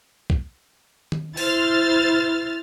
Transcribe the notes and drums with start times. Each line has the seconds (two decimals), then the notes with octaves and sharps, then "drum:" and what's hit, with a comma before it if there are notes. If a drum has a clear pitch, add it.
0.30 drum: kick
1.12 drum: tom D#3
1.37 E4 C5 F6 A6, drum: open hi-hat